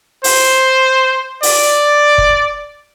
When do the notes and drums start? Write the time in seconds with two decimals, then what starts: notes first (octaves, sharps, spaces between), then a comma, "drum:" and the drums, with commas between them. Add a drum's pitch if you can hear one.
0.24 C5, drum: open hi-hat
1.43 D5, drum: open hi-hat
2.18 drum: kick